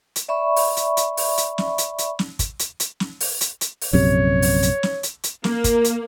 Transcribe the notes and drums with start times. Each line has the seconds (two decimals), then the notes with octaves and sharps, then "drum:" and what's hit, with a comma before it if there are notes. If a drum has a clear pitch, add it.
0.16 drum: hi-hat
0.28 D5 E5 B5 C#6
0.56 drum: open hi-hat
0.77 drum: hi-hat
0.97 drum: hi-hat
1.17 drum: open hi-hat
1.38 drum: hi-hat
1.58 drum: snare
1.78 drum: hi-hat
1.99 drum: hi-hat
2.19 drum: snare
2.39 drum: kick, hi-hat
2.60 drum: hi-hat
2.80 drum: hi-hat
3.00 drum: snare
3.20 drum: open hi-hat
3.41 drum: hi-hat
3.61 drum: hi-hat
3.81 drum: open hi-hat
3.93 A#1 F#2 C3 C#5
4.42 drum: open hi-hat
4.63 drum: hi-hat
4.83 drum: snare
5.03 drum: hi-hat
5.24 drum: hi-hat
5.44 A#3, drum: snare
5.64 drum: kick, hi-hat
5.85 drum: hi-hat